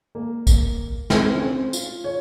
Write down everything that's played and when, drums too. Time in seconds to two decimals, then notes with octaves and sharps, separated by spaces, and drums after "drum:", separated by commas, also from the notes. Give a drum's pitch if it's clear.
0.15 A#3
0.47 drum: kick, tambourine
1.10 C4, drum: snare
1.37 C#4
1.41 C4
1.73 F4, drum: tambourine
2.04 C#5